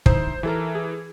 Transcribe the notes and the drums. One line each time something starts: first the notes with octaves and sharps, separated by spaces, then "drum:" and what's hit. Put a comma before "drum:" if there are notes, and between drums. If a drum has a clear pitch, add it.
D#4 E4 C5, drum: kick
E3 E4 A4 A#4
G#4